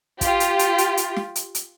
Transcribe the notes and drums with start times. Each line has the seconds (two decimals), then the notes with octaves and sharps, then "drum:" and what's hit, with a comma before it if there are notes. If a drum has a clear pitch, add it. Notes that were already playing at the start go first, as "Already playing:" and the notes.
0.21 F4 G4, drum: kick, hi-hat
0.40 drum: hi-hat
0.59 drum: hi-hat
0.78 drum: hi-hat
0.97 drum: hi-hat
1.16 drum: snare
1.36 drum: hi-hat
1.55 drum: hi-hat